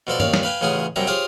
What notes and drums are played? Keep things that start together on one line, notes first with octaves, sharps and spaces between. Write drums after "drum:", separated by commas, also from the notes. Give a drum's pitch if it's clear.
B2 F3 A4 D5
D#2 C#5 D5 F5, drum: tom G2
drum: snare
B4 F5 G5 G#5
A1 C#3 F4 G#4 F#5 G#5
F#2 C3 G3 G4 A#5
F4 G4 G#4 C5 C#5 F5